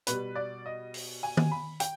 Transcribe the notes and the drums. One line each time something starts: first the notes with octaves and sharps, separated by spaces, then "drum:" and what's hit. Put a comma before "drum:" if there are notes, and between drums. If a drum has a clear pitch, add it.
B2 G3 B4, drum: hi-hat
D5
D#5
drum: open hi-hat
G#5
drum: tom D#3
B5
G5, drum: hi-hat